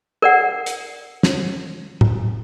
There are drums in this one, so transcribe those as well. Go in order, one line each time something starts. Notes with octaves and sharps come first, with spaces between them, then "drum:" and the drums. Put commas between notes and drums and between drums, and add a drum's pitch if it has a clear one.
A#4 D5 F#5
drum: hi-hat
drum: snare
drum: tom